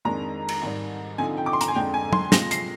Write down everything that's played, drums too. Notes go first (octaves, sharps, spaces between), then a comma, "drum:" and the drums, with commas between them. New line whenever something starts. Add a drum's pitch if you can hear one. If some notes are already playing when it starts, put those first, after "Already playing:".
F2 D#3 G#3 D4 A#5
drum: cymbal
G#2 D#3 G3
D3 F3 C4 D#4 G#5
G5
D6
C6
A#5, drum: hi-hat
G#5
F2 D3 G#3 D4 G5
G#5
C6, drum: tom
C3 F3 G#3 A#6, drum: snare
C7, drum: hi-hat